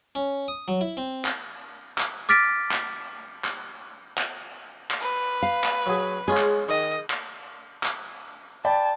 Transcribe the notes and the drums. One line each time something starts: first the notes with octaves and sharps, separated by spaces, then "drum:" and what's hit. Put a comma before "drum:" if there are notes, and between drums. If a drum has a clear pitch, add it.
C#4
D#6
F#3
E4
C4
drum: clap
drum: clap
D6 F6 A6 B6 D7
drum: clap
drum: clap
drum: clap
drum: clap
B4
F5
drum: clap
F#3 F#4 G#4
G#3 C#4 F4 G#4
drum: clap
D#3 D#5
drum: clap
drum: clap
D5 G5 A5 B5